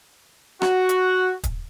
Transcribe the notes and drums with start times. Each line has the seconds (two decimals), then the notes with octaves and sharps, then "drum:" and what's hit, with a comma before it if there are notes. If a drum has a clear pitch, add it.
0.62 F#4, drum: rim click
0.89 drum: hi-hat
1.44 drum: kick, hi-hat